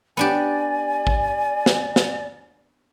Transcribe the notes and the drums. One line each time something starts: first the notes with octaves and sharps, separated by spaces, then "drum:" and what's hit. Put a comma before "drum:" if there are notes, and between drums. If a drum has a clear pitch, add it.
B3 D4 G4 D5 G#5
drum: kick
drum: snare
drum: snare